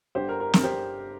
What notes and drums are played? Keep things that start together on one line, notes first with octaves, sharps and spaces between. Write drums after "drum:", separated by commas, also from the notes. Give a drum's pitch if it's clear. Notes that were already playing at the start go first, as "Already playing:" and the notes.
G1 G2 D3 G4 C5
A#4
A#4
A#4, drum: snare
G4 C5